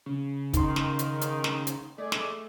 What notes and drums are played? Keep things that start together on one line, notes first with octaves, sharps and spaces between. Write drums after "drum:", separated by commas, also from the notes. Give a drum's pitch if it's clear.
C#3
D#3 D#4 C6, drum: kick, hi-hat
drum: snare
drum: hi-hat
drum: hi-hat
drum: snare
drum: hi-hat
G#3 A3 G#4 D5
drum: snare